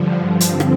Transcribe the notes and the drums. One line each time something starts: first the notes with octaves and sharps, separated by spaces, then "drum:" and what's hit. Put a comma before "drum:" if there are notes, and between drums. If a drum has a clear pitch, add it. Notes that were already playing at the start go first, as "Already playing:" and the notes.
Already playing: G2 D3 F3
G2 D3 F3 C4, drum: hi-hat
drum: rim click